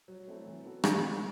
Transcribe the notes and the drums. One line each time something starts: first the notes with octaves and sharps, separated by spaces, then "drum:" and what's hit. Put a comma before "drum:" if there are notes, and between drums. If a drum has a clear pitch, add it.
F#3
A3 C4 E4 A4
E3
B3 F#4 A4
G3, drum: rim click
B3 E4 A4